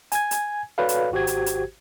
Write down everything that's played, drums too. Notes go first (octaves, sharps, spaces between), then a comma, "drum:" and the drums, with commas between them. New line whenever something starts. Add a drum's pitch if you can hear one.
G#5 G#6, drum: hi-hat
drum: hi-hat
F#4 A4 B4 C#5 D5 F5
drum: hi-hat
G#1 F#4 G4 C5 G#6
drum: hi-hat
drum: hi-hat